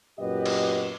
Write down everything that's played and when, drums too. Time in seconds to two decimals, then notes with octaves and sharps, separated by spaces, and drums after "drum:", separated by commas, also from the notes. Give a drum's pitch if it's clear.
0.19 F#2 A#2 B3 G4 B4 D#5
0.46 drum: cymbal